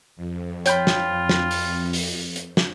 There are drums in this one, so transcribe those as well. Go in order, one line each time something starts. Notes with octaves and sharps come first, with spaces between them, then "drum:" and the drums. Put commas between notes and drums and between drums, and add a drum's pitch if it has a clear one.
F2
F4 C#5 G5 B5 G6, drum: hi-hat
drum: snare
drum: snare
drum: open hi-hat
drum: open hi-hat
drum: hi-hat
drum: snare